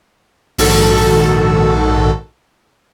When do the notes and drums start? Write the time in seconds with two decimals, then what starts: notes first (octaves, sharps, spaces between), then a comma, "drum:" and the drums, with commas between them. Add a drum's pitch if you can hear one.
0.58 A#1 G#2 D#3 F#4 A4, drum: open hi-hat